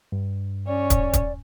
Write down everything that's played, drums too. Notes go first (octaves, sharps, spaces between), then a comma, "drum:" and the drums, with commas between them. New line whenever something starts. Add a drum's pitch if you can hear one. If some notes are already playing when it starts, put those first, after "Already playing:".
G2
C#4 C#5 D5
drum: kick, hi-hat
drum: kick, hi-hat